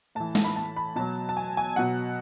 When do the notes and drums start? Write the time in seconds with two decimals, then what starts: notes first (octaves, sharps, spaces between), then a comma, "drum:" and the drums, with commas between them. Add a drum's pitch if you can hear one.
0.15 A2 E3 A5
0.35 drum: snare
0.44 B5
0.56 A5
0.76 B5
0.96 B2 F#3 A5
1.29 A5
1.37 G#5
1.57 G#5
1.76 B2 F#3 F#5